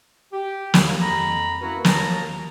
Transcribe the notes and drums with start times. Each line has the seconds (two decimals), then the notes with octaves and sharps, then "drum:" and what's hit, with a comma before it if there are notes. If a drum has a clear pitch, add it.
0.33 G4
0.74 D#2, drum: snare
1.01 F2 A#5 B5
1.61 A#3 C#4 E4 F#4 A#4 B4
1.85 D#2 A#4 A5 A#5, drum: snare